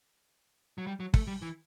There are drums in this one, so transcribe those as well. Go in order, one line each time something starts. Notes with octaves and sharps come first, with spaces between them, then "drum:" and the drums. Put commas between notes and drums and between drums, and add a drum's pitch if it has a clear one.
F#3
G3
F#3
A3, drum: kick
G3
E3